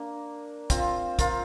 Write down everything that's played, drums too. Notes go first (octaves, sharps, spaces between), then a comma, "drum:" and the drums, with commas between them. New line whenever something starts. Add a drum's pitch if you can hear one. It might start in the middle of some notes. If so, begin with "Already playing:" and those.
Already playing: A#3 D4
C4 F4, drum: kick, hi-hat
F4 A#4, drum: kick, hi-hat